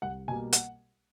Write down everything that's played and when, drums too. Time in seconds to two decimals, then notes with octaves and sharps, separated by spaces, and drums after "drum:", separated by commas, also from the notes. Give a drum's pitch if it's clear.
0.02 C2 F#5
0.28 B2 G3 A#3 G#5
0.53 F#5, drum: hi-hat